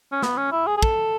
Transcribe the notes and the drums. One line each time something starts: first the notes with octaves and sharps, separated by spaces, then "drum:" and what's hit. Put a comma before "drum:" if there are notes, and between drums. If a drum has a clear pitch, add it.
C#4
B3, drum: snare
C#4
E4
G#4
G#4
A4, drum: kick